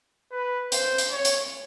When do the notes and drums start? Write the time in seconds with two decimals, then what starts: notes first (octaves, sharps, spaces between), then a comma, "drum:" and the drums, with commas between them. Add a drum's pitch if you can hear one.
0.32 B4
0.72 C5, drum: hi-hat
0.98 drum: hi-hat
1.12 C#5
1.25 drum: hi-hat